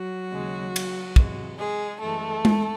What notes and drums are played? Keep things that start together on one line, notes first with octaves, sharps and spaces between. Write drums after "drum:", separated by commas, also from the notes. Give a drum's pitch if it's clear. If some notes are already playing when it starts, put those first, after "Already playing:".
Already playing: F#3 F#4
D#2 C#3 G#3
drum: cymbal
C3 E3 G#3, drum: kick
G#3 G#4
F#2 E3 G#3 A3 A4
drum: tom G#3